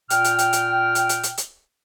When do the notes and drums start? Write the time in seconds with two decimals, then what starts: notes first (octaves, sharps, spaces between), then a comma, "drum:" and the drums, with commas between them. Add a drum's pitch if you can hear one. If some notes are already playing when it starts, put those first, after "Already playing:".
0.10 A#2 G5 F6, drum: hi-hat
0.24 drum: hi-hat
0.39 drum: hi-hat
0.53 drum: hi-hat
0.95 drum: hi-hat
1.09 drum: hi-hat
1.23 drum: hi-hat
1.37 drum: hi-hat